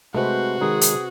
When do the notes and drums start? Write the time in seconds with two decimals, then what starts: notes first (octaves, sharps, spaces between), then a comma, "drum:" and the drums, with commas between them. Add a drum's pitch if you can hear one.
0.14 C3 G#3 A3 F#4 B4 C5
0.61 D#3 G#3 D#4 G#4
0.81 drum: hi-hat